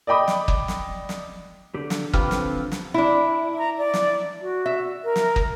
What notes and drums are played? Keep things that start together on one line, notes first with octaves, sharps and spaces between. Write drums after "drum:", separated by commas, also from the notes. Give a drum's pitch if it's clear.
D5 D#5 G5 B5 D6 D#6
drum: snare
drum: kick
drum: snare
drum: snare
D3 G4
drum: snare
D3 C4 F4 G4 B4 F6, drum: kick
drum: snare
drum: snare
D4 E4
A#5
D5
drum: snare
F#4
E5
A#4
drum: snare
drum: kick